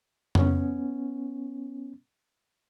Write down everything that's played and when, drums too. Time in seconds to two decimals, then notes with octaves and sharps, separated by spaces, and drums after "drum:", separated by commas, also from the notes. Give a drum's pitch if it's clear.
0.35 B3 C#4, drum: tom F2